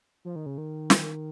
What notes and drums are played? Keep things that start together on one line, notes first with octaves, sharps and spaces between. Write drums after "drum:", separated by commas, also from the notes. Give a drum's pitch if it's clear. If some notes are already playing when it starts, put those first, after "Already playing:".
F3
D#3
C#3
D#3
drum: snare